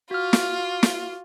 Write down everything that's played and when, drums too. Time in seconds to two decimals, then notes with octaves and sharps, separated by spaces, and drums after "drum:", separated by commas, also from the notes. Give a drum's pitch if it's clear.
0.11 F4 F#4 F6
0.33 drum: snare
0.83 drum: snare